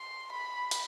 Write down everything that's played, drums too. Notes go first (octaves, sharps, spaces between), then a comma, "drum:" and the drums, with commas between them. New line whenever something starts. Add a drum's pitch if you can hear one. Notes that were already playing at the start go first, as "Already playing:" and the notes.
Already playing: C6
B5
drum: hi-hat